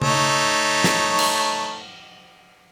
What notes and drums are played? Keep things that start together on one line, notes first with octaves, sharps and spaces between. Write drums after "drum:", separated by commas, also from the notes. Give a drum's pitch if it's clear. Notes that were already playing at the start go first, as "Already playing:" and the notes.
A3 D#4 C#5, drum: tom C#3
drum: snare
drum: cymbal